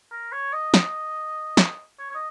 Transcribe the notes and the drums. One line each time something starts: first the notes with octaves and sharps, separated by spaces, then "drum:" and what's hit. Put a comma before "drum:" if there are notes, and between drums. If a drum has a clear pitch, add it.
A#4
C#5
D#5
drum: snare
drum: snare
C#5
C#5
D#5